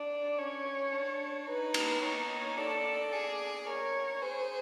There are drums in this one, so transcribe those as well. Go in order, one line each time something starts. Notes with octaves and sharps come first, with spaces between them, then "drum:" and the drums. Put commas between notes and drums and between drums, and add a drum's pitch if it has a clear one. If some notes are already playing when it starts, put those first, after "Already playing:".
Already playing: D4 D5
C#4 C#5
D4
D#4 B4
drum: cymbal
D#4 C#5
A4 D5
G#4
A#4 C#5
G#4 C5